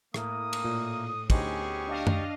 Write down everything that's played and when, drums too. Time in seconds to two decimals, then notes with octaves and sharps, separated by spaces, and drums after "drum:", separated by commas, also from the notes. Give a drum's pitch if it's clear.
0.14 A2 A#3 D#6, drum: rim click
0.53 drum: cymbal
0.65 A#2
1.30 D2 B3 C#4 D#4 G4 G#4 C5 C#6, drum: kick, cymbal
1.87 D4 D#5 F5
2.07 drum: tom F#2